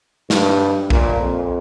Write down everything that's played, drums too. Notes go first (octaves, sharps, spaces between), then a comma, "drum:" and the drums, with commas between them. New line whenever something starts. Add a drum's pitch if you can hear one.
G2, drum: snare
A#2, drum: kick B1
F2